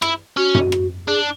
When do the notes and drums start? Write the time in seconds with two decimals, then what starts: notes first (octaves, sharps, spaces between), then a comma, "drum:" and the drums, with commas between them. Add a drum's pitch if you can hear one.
0.02 E4, drum: rim click
0.37 C#4 F#4
0.55 drum: tom F#2
0.72 drum: rim click
1.07 D4 G#4